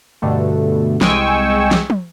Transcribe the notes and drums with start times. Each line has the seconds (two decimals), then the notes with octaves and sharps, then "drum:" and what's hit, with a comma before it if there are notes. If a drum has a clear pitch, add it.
0.22 G2 B2 D3 A3
1.01 C2 G#3 G5 G#5 C#6 E6, drum: snare
1.71 drum: snare
1.90 drum: tom